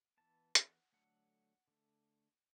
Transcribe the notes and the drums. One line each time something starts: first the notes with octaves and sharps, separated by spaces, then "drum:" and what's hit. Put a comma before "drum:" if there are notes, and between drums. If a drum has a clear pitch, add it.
E3 B3 A5
F#5, drum: hi-hat
D3 F#3 A3 F#5
D3 A3